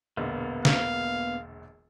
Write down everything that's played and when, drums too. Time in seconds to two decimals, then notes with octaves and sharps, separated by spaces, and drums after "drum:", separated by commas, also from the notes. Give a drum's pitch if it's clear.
0.17 E1 A#1 D3 A#3 B3
0.65 F5, drum: snare